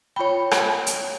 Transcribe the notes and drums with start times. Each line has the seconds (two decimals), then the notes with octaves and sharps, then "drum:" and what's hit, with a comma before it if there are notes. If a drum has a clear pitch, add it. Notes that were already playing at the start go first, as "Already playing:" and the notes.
0.16 F4 C#5 G5 B5
0.51 drum: rim click
0.87 drum: hi-hat